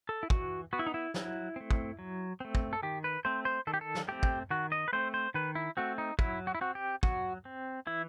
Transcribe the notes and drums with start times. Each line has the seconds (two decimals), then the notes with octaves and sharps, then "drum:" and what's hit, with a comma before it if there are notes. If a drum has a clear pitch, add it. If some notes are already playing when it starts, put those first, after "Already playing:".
0.09 A4
0.23 E4
0.30 E3 F#4, drum: kick
0.73 B3 F#4
0.79 E4
0.87 D#4
0.94 E4
1.14 F#3, drum: snare
1.56 A3 C4
1.71 drum: kick
1.99 F#3
2.40 A3 C4
2.55 drum: kick
2.73 A4
2.83 D#3 G4
3.04 B4
3.25 A3 C4 C5
3.45 C5
3.67 D#3 A4
3.74 G4
3.81 A4
3.95 drum: snare
4.08 A3 C4 G4
4.23 drum: kick
4.50 D#3 F#4
4.72 D#5
4.88 B4
4.93 A3 C4 C5
5.14 C5
5.34 D#3 B4
5.55 E4
5.77 A3 C4 F#4
5.98 D#4
6.19 F#3 E4, drum: kick
6.47 F#4
6.55 E4
6.61 C4 F#4
6.75 G4
7.03 F#3 F#4, drum: kick
7.45 C4
7.87 E3 E4